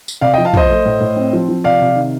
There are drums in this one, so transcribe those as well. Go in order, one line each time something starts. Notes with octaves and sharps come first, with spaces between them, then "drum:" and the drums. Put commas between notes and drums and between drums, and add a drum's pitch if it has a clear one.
drum: tambourine
C3 D5 F5
D#5 G5
F3
F5 A5
F3 C5 D#5, drum: tom
A3
A2
A2
C4
F3
F3
C3 D5 F5
C3
D#3